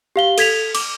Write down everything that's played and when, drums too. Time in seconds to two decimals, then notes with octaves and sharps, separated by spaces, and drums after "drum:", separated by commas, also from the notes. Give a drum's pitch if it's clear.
0.16 G4 F5 G7
0.38 A4 G#6 B6 F7, drum: cymbal
0.75 D6, drum: cymbal